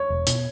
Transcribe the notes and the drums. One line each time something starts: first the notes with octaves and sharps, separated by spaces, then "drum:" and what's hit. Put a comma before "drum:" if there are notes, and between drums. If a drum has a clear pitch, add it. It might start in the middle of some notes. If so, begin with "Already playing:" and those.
Already playing: C#5
E1
B2, drum: hi-hat